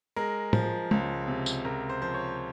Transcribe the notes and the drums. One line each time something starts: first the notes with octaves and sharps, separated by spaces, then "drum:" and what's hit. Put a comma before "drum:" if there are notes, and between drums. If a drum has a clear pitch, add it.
G#3 A#4
F3, drum: tom
C#2, drum: tom
C3
drum: tambourine
C#2 A#4
C5
F3 C5
C#5